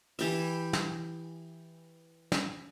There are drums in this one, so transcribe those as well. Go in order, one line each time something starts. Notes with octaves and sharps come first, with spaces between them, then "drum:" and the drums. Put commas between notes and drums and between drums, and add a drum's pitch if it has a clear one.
E3 G4 E5, drum: open hi-hat
drum: snare
drum: snare